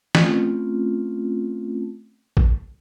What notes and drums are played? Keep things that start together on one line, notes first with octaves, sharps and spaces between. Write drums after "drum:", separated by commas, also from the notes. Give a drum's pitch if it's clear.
A3 C4 C#4 F4, drum: snare
drum: kick A1